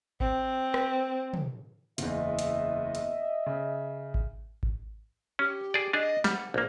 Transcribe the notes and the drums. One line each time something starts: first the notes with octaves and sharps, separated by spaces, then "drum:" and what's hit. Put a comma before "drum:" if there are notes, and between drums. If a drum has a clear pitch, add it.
C4, drum: kick G#1
drum: rim click
drum: tom
F#1 E2 D#5 E5, drum: hi-hat
drum: hi-hat
drum: hi-hat
C#3
drum: kick G#1
drum: kick G#1
C#4 G4
G#4 D5
D4 G#4 D#5
G3 F#5, drum: snare
A#1 A#3 C5